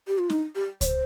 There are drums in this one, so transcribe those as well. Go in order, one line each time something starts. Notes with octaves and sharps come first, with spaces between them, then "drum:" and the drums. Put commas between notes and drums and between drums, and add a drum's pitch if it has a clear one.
G4
F4
D#4, drum: snare
G4
C#5, drum: kick C#2, hi-hat
C5